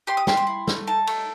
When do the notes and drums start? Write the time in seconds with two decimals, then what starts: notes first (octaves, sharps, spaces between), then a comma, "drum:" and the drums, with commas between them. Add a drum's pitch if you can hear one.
0.07 G4 C6
0.17 D#6
0.27 G4 C6, drum: snare
0.37 C6
0.47 E4
0.67 A3, drum: snare
0.87 D#4 A5
1.07 A3, drum: cymbal